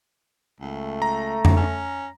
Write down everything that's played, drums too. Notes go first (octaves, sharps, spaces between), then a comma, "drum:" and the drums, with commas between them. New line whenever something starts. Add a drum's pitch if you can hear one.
C#2 A3
A#5
drum: tom F2
C#4